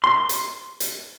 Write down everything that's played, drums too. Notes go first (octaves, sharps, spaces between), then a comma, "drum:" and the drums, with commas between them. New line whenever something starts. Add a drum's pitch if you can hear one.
C6
drum: hi-hat
drum: hi-hat